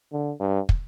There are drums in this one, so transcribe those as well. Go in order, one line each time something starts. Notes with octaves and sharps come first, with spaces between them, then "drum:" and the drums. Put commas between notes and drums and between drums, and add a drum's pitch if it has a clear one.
D3
G2
drum: kick